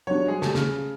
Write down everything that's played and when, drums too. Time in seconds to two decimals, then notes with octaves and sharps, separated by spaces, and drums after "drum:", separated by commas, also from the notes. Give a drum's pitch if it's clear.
0.07 F#3 G3 D4 C#5
0.26 G#3 F#4 G#4 C5
0.42 G3 A3 A5, drum: snare
0.55 C#3, drum: snare